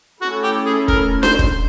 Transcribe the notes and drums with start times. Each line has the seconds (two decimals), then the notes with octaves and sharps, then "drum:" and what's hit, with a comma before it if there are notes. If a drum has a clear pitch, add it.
0.21 A3 C#4 E4 F#4 A4
0.44 G4
0.66 G#4
0.88 A#4, drum: kick
1.23 C5, drum: snare D4
1.39 drum: kick